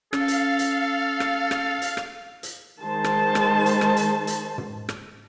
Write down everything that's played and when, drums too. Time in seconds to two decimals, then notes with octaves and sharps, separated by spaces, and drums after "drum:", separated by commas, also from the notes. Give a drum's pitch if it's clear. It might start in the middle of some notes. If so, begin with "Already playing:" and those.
0.13 C#4 A4 F5, drum: rim click
0.28 drum: hi-hat
0.59 drum: hi-hat
1.20 drum: rim click
1.51 drum: rim click
1.82 drum: hi-hat
1.97 drum: rim click
2.43 drum: hi-hat
2.81 D#3 G#3 C5 A5
3.04 drum: rim click
3.35 drum: rim click
3.66 drum: hi-hat
3.81 drum: rim click
3.97 drum: hi-hat
4.27 drum: hi-hat
4.58 drum: tom
4.89 drum: rim click